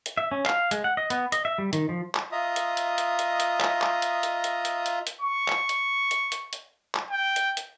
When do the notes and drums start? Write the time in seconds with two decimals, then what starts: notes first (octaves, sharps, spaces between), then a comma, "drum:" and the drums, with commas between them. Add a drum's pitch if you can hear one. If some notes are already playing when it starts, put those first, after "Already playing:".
0.06 drum: hi-hat
0.17 E5
0.32 C#4
0.46 F5, drum: clap
0.71 G#3, drum: hi-hat
0.84 F#5
0.97 D#5
1.10 B3, drum: hi-hat
1.32 D#5, drum: hi-hat
1.45 E5
1.58 G3
1.73 D#3, drum: hi-hat
1.89 F3
2.15 drum: clap
2.32 F4 D#5 E5 A#5 D#6
2.56 drum: hi-hat
2.77 drum: hi-hat
2.98 drum: hi-hat
3.19 drum: hi-hat
3.40 drum: hi-hat
3.61 drum: clap
3.81 drum: clap
4.02 drum: hi-hat
4.23 drum: hi-hat
4.44 drum: hi-hat
4.65 drum: hi-hat
4.86 drum: hi-hat
5.07 drum: hi-hat
5.22 C#6
5.48 drum: clap
5.69 drum: hi-hat
6.11 drum: hi-hat
6.32 drum: hi-hat
6.53 drum: hi-hat
6.94 drum: clap
7.11 G5
7.36 drum: hi-hat
7.57 drum: hi-hat